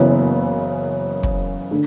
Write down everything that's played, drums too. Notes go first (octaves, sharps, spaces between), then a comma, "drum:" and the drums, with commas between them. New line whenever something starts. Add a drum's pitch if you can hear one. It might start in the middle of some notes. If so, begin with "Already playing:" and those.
Already playing: F#1 F#2 C#3 E3 B3
drum: kick
D3